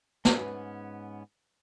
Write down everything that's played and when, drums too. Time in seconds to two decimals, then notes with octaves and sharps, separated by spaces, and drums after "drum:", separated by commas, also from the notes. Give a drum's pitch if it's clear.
0.25 G#2 B3 C#4 B4, drum: snare